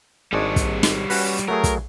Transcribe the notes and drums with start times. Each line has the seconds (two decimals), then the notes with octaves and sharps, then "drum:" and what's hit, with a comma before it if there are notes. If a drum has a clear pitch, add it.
0.33 G#1 G3 G#3 D4 C#5
0.56 drum: kick, hi-hat
0.83 drum: snare
1.10 C#4 F#4 B4, drum: open hi-hat
1.37 drum: hi-hat
1.48 F#3 A3 G#4 A#4
1.64 drum: kick, hi-hat